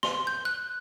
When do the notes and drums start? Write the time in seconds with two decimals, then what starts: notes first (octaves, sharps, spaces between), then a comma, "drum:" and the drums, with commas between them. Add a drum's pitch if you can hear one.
0.03 C6, drum: snare
0.27 G6
0.45 F#6